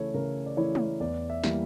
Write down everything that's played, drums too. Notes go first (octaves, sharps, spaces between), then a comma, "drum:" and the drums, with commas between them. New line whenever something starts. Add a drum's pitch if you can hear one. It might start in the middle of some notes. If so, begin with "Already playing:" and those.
Already playing: C#3 E3 A3 E4 C#5
C#3 A#4
D5
E3 A3 E4 C#5
drum: tom
E2 D5
E5
E3 G3 A#3, drum: snare